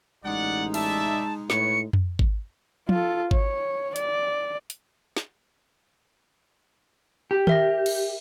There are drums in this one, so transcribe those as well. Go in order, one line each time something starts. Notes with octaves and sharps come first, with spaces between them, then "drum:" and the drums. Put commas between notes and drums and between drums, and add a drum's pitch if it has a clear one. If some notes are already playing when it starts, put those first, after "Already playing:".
A1 G#3 D#4 D5 F#5
D5 E5 A5, drum: cymbal
A2 B4 C#5 C#7, drum: snare
drum: tom F2
drum: kick G#1
F4 A4, drum: tom F3
C#5, drum: kick G#1
D5, drum: hi-hat
drum: hi-hat
drum: snare
G4
A#4 E5 A#6, drum: tom D#3
drum: cymbal